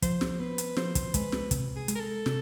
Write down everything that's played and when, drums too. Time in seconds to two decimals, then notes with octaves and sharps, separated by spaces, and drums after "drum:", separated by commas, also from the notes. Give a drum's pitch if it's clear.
0.02 F3 C5, drum: kick, hi-hat
0.21 drum: snare
0.40 B3 B4
0.58 drum: hi-hat
0.77 F3 C5, drum: snare
0.95 drum: kick, hi-hat
1.14 G#3 B4, drum: kick, hi-hat
1.32 drum: snare
1.51 C3, drum: kick, hi-hat
1.76 G#4
1.88 G#3, drum: hi-hat
1.95 A#4
2.00 A4
2.26 C3, drum: snare